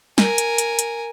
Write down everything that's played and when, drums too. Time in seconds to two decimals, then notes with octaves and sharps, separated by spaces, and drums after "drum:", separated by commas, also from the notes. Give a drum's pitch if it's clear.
0.18 A#4 G#5, drum: snare
0.38 drum: hi-hat
0.58 drum: hi-hat
0.79 drum: hi-hat